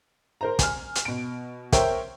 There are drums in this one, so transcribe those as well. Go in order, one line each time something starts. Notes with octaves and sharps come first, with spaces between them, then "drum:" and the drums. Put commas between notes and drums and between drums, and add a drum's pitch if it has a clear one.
A#4 C5 A#5
G#5 F6, drum: kick, hi-hat
drum: hi-hat
B2 D7
A#4 C5 C#5 E5 G5, drum: kick, hi-hat